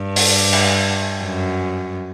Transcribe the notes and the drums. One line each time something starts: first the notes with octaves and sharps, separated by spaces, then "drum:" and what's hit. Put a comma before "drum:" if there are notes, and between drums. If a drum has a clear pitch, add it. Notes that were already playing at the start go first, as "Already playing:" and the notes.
Already playing: G2
drum: open hi-hat
drum: cymbal
F#2